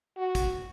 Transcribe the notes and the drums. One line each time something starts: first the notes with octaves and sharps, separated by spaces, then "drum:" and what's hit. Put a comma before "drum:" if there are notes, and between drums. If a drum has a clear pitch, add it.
F#4
drum: kick, hi-hat